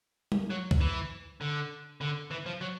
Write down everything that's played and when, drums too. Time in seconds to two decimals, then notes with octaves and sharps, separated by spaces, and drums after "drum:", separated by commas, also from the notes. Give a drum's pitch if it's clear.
0.32 drum: tom G3
0.50 F#3
0.71 drum: kick
0.81 E3
1.41 D3
2.01 D3
2.31 E3
2.46 F3
2.61 F#3